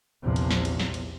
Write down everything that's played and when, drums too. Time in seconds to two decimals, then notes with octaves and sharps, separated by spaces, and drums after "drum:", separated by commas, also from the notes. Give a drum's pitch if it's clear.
0.22 A#1 E2 C3 F3
0.36 drum: cymbal
0.51 drum: snare
0.65 drum: cymbal
0.80 drum: snare
0.94 drum: cymbal